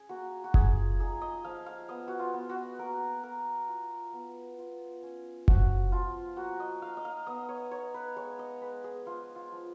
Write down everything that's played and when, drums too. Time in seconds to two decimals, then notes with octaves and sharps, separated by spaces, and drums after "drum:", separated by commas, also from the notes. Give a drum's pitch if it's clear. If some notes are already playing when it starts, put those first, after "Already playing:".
Already playing: C#4 G#4
0.09 A#3 F#4
0.44 F#4
0.54 F4 G#4, drum: kick F#1
0.99 D#4 G#4
1.21 D#5
1.44 F3 F5
1.66 F5
1.89 B3 D#5
2.08 F#4
2.19 F4
2.34 B3
2.49 F#4
2.78 A#3 A#4
3.23 A#3 A#4
3.68 F4
4.13 B3
4.59 F4
5.03 C#4
5.48 F3 F#4, drum: kick F#1
5.92 F3 F4
6.37 A#3 F#4
6.60 D#5
6.82 D#4 F5
6.97 D#5
7.05 F5
7.27 B3 D#5
7.49 C#5
7.71 D#4 C#5
7.94 B4
8.16 G#3 C#5
8.39 D#5
8.61 G#3 B4
8.84 G#4
9.06 F3 F4
9.36 F4
9.51 F3